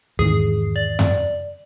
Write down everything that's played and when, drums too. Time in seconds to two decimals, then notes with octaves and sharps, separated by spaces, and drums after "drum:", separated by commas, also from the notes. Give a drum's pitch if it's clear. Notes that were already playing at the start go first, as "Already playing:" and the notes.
0.19 E2 G#2 D#3 G#4
0.76 D5
0.99 drum: tom F#2